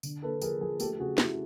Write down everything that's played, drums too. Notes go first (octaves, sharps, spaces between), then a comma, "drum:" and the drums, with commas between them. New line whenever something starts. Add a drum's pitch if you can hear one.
D3, drum: tambourine
A#3 A4 B4
F3 G#4 A#4, drum: tambourine
F3 G#4 A#4
A3 G4 A4, drum: tambourine
C#3 F#4 G#4
C#3 E4 F#4, drum: snare